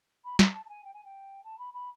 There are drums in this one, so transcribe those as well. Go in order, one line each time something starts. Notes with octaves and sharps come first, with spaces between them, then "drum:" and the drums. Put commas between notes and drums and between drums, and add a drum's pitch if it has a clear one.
B5
A#5, drum: snare
A5
A5
G#5
G5
G#5
G5
A5
B5
B5